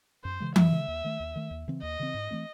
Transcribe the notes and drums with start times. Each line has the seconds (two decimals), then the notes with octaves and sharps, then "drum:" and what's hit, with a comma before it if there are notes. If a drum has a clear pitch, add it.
0.25 F#2 C5
0.40 C#3 E3 G#3
0.56 F#2 E5, drum: tom E3
0.73 C#3 E3 G#3
0.88 D#2
1.04 D#3 A3
1.20 D#2
1.36 D#3 A3
1.51 D#2
1.68 C#3 E3 C4
1.83 D#2 D#5
2.00 C#3 E3 C4
2.14 G#2
2.31 E3 A3 C4